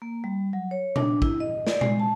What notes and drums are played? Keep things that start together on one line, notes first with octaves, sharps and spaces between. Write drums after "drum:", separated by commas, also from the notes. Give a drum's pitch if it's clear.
A#3
G3
F#3
C#5
D4, drum: tom A#2
E4, drum: kick
D#5
D5, drum: snare
G#3, drum: tom A#2
A5